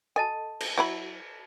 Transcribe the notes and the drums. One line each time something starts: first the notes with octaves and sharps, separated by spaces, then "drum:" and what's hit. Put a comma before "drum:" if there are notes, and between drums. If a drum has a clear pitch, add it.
A4 D#5 G#5 A5
drum: cymbal
F#3 E4 B5